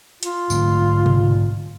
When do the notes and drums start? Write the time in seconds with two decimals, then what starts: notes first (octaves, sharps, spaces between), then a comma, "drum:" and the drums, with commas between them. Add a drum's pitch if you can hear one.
0.23 F4, drum: hi-hat
0.50 G#2 D3 A3, drum: tambourine
1.06 drum: tom B2